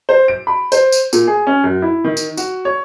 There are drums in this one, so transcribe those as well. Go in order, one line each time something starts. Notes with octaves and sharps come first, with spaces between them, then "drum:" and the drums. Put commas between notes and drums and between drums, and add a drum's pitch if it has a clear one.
C5
D7
B5
C5, drum: tambourine
drum: tambourine
A#2, drum: tambourine
G#4
C#4
F#2
E4
D#3
drum: tambourine
F#4, drum: tambourine
C#5